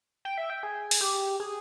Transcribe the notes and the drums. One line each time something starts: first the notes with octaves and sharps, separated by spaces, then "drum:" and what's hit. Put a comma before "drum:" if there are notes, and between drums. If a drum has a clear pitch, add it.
G5
E5
G5
G#4
drum: open hi-hat
G4
G#4